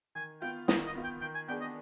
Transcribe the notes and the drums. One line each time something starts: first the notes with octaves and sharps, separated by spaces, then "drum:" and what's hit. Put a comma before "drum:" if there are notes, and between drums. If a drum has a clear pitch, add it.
D#3 G#5
B3 F4 G5
D#3 D#5, drum: snare
D#5
B3 F4
G5
D#3 G5
G#5
B3 D4 G#4 G5
D#5